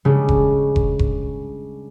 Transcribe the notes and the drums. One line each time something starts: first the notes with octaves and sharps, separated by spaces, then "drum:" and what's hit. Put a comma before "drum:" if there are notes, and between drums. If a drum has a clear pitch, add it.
C#3 G3 G#3 C#4 D4
drum: kick F1
drum: kick F1
drum: kick F1